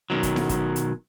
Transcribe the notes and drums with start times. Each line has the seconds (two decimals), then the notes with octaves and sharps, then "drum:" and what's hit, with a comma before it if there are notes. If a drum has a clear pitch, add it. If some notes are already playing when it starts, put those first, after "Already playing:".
0.10 B2 D#3 F#3
0.23 drum: kick, hi-hat
0.36 drum: snare E4
0.49 drum: kick, hi-hat
0.76 drum: hi-hat